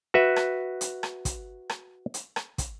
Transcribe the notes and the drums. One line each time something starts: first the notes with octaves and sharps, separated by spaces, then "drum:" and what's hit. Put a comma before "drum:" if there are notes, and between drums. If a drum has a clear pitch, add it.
F#4 B4 E5
drum: rim click
drum: hi-hat
drum: rim click
drum: kick, hi-hat
drum: rim click
drum: hi-hat
drum: rim click
drum: kick, hi-hat